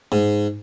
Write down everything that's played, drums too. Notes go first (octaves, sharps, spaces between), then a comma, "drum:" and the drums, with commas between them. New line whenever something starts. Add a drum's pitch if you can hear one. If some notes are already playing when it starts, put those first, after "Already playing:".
G#2, drum: tom G#3